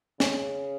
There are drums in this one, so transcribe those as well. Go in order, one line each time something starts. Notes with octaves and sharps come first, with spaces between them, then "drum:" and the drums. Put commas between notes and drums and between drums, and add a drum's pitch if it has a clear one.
C#3, drum: snare